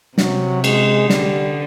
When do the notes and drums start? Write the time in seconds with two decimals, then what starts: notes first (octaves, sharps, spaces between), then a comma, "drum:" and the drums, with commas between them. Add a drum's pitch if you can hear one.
0.18 C3 F#3, drum: snare
0.64 G#3, drum: cymbal
1.10 D3 G3, drum: snare